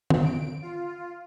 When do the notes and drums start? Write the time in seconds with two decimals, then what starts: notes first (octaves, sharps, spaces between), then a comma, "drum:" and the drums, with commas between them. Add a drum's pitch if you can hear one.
0.10 drum: tom
0.22 D7
0.62 F4